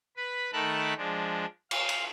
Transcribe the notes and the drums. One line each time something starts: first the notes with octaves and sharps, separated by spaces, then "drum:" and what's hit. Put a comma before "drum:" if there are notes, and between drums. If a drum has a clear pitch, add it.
B4 B5
D#3 A3 A#4 A5 B5 F#6
F3 G#3 D4
F5, drum: cymbal
drum: cymbal